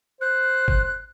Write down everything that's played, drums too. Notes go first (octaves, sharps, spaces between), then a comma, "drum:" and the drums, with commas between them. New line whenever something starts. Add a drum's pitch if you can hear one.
C5 F#6
drum: kick